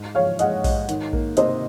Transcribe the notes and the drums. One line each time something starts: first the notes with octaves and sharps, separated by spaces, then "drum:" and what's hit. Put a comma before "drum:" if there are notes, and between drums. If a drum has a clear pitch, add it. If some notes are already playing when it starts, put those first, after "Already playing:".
Already playing: G#2
F3 C#5 F5
G#3 D#5 F#5, drum: hi-hat
G#2, drum: kick A#1, open hi-hat
D#3, drum: hi-hat
A#3, drum: kick A#1
C3 C5 D#5, drum: hi-hat